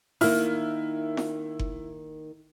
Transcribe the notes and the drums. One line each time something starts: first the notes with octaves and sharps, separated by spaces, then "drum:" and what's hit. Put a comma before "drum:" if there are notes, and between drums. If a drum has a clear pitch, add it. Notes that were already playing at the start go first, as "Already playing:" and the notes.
D#3 A#3 E4 F6, drum: open hi-hat
drum: snare
drum: kick F#1